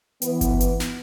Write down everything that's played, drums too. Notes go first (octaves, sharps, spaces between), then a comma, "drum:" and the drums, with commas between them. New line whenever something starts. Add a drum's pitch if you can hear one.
E3 B3, drum: hi-hat
drum: kick G1, hi-hat
drum: hi-hat
drum: snare